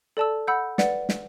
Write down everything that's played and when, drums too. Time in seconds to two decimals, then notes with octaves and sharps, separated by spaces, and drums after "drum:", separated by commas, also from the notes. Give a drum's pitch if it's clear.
0.17 A4 D5 A5 E6
0.47 F#5 B5 E6 G6
0.78 B4 D5 F#5, drum: snare
1.09 drum: snare